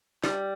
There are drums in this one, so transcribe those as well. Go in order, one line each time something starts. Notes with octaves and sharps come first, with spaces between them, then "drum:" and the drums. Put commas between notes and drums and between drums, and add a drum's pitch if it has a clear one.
G3, drum: snare